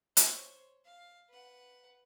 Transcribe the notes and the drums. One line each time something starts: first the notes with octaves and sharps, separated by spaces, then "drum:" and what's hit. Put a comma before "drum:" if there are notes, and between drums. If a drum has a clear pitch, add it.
C5 C#5, drum: hi-hat
F5
B4 F#5